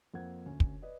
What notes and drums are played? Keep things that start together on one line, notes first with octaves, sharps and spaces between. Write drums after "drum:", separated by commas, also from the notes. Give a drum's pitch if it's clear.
F2 A#3 C4 F#5 G#6
D2 C#4 C#5
drum: kick
B4 D5 D#5